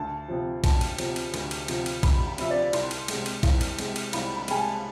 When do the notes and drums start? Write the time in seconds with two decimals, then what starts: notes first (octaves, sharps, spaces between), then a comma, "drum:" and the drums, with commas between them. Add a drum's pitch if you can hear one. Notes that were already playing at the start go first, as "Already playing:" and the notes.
Already playing: D2 A5
0.28 C3 F3
0.64 D2 A5, drum: kick A#1, cymbal
0.81 drum: cymbal
0.98 C3 F3, drum: cymbal
1.16 drum: cymbal
1.34 D2, drum: cymbal
1.51 drum: cymbal
1.68 C3 F3, drum: cymbal
1.86 drum: cymbal
2.03 D2 B5, drum: kick A#1, cymbal
2.27 B5
2.38 C3 F3 E5, drum: cymbal
2.50 D5
2.73 C2 C6, drum: cymbal
2.91 drum: cymbal
3.08 C3 G#3, drum: cymbal
3.26 drum: cymbal
3.43 C2, drum: kick A#1, cymbal
3.61 drum: cymbal
3.79 C3 G#3, drum: cymbal
3.96 drum: cymbal
4.13 C2 B5, drum: cymbal
4.36 B5
4.48 C3 G#3 G#5, drum: cymbal
4.60 A5